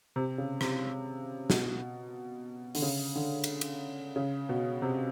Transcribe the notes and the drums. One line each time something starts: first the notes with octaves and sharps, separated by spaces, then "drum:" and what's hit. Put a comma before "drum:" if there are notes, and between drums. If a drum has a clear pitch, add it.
C3
C#3
C3, drum: rim click
B2, drum: snare
D3, drum: open hi-hat
C#3
D3
drum: cymbal
drum: cymbal
C#3
B2
C3